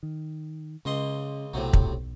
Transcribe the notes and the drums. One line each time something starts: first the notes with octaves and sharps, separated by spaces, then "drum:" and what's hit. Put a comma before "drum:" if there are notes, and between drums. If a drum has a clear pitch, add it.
D#3
C#2 C#3 D#5 C6
B1 A2 C3 F#3
drum: kick